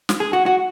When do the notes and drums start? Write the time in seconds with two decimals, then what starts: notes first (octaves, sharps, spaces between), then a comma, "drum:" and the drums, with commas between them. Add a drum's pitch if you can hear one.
0.09 drum: snare
0.20 G#4
0.33 F#4
0.46 F#4